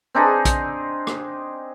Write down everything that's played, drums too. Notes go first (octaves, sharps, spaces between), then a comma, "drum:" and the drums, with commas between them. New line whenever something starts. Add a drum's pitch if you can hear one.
C4 D4 D#4 G#4
drum: kick, hi-hat
drum: rim click